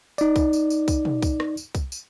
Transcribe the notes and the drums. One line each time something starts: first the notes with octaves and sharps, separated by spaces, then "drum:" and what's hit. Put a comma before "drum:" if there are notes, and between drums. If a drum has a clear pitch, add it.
D#4 D5, drum: tambourine
drum: kick C2, tambourine
drum: tambourine
drum: tambourine
drum: kick C2, tambourine
drum: tom
drum: kick C2, tambourine
drum: rim click
drum: tambourine
drum: kick C2, tambourine
drum: tambourine